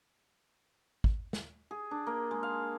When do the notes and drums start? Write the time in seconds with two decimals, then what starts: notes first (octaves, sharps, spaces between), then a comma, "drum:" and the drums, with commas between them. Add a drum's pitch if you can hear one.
1.04 drum: kick G#1
1.33 drum: snare
1.71 G#4
1.91 D4
2.06 A#3
2.31 G#3
2.43 F5